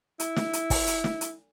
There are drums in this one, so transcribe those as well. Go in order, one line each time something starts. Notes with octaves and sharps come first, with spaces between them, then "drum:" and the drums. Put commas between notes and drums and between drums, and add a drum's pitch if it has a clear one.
E4, drum: hi-hat
drum: snare
drum: hi-hat
drum: kick, open hi-hat
drum: hi-hat
drum: snare
drum: hi-hat